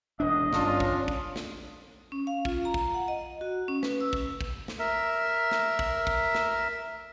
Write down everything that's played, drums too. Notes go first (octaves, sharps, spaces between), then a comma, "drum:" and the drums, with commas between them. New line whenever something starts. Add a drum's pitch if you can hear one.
E1 D4 D#5
G1 C#4 D4 F4, drum: snare
drum: kick
drum: kick
drum: snare
C#4
F5
F4, drum: kick
A#5
drum: kick
F#5
D#5
F#4
C#4
B4, drum: snare
E6
drum: kick
drum: kick
drum: snare
A#4 E5
drum: snare
drum: kick
drum: kick
drum: snare